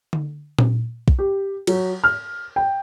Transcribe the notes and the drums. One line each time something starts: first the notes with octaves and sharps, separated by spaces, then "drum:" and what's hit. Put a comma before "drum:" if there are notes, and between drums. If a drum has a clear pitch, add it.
drum: tom D3
drum: tom A#2
drum: kick
G4
F#3, drum: cymbal
F6
G5